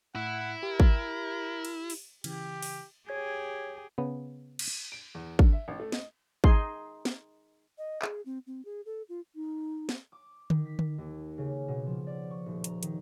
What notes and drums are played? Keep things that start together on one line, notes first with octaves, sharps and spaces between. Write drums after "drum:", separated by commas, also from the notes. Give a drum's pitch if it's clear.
A2 E4 F#5
G4 A#4
drum: kick
drum: cymbal
drum: open hi-hat
C#3 E3 G4, drum: cymbal
drum: open hi-hat
G4 G#4 C#5 G#6
C#3 B3
drum: cymbal
D7
E2
D3, drum: kick
E5
A1
A3
D#5, drum: snare
D#4 G#4 C6, drum: kick
drum: snare
D#5
G#4, drum: clap
C4
C4
G#4
A4
F4
D#4
drum: snare
D6
D#3, drum: tom D3
B6
drum: tom D3
D#2
C#3
B2
F3
D5
C#6
D#1
A#5, drum: hi-hat
D#3, drum: hi-hat